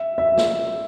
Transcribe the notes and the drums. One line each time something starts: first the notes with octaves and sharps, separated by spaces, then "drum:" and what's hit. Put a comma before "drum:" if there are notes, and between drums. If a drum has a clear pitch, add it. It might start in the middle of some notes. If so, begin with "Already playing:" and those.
Already playing: E5
E5
drum: snare